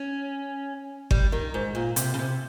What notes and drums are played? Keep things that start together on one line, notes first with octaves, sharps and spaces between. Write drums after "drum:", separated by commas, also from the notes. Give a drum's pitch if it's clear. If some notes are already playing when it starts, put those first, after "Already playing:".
Already playing: C#4
G3, drum: kick G1
D#3
G#2
A#2
C3, drum: hi-hat
C#3
C3